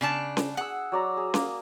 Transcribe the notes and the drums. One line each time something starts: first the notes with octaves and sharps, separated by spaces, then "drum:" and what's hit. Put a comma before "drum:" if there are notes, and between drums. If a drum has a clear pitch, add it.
C#3 D4 A5
drum: snare C#4
G#4 F#5 E6
F#3 D5 A#5
G#4
A#3, drum: snare C#4